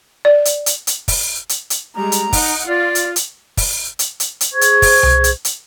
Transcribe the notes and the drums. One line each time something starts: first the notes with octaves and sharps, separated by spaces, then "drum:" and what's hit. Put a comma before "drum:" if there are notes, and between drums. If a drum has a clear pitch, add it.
D5
drum: hi-hat
drum: hi-hat
drum: hi-hat
drum: kick, open hi-hat
drum: hi-hat
drum: hi-hat
G3 G#3 A#5
drum: hi-hat
D#4 F#5, drum: kick, open hi-hat
F4 D5
drum: hi-hat
drum: hi-hat
drum: kick, open hi-hat
drum: hi-hat
drum: hi-hat
drum: hi-hat
G#4 C5 C#6 G#6
drum: hi-hat
drum: kick, open hi-hat
drum: tom C2
drum: hi-hat
drum: hi-hat